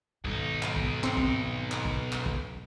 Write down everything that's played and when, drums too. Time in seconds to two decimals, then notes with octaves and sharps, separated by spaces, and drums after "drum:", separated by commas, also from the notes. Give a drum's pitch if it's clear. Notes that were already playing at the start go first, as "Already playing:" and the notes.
0.24 B1 G#2 D#3 D#4
0.63 drum: clap
0.76 drum: kick
1.03 C4, drum: clap
1.17 drum: kick
1.72 drum: clap
1.85 drum: kick
2.12 drum: clap
2.26 drum: kick